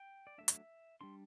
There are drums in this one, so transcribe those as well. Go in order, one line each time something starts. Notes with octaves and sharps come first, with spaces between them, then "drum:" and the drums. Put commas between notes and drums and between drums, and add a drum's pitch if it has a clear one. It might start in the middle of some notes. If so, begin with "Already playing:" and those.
Already playing: G5
D5
F#3 A3 D4 E5
drum: hi-hat
G3 D4 C6